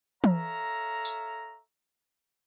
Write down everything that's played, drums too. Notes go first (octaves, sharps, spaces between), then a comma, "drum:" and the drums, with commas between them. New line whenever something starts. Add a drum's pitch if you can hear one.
A4 C#5 E5 F5 A#5, drum: tom E3
drum: tambourine